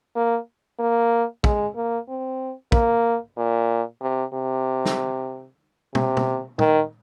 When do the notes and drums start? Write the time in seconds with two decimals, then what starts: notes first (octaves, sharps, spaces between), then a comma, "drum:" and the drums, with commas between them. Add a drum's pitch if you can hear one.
0.16 A#3
0.79 A#3
1.44 G#3, drum: kick
1.76 A#3
2.08 C4
2.72 A#3, drum: kick
3.37 A#2
4.01 C3
4.34 C3
4.85 drum: snare
5.95 C3, drum: tom
6.17 drum: tom
6.59 D#3, drum: tom